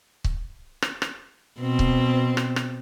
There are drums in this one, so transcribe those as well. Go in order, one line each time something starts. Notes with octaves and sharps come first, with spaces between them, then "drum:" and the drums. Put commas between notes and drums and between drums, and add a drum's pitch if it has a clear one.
drum: kick C#1
drum: rim click
drum: rim click
B2 C4
drum: kick C#1
drum: rim click
drum: rim click